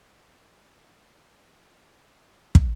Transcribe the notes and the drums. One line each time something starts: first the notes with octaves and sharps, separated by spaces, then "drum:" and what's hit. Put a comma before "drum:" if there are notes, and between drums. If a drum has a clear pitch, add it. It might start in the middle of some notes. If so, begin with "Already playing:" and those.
G#1 C3 D#3 A4
drum: kick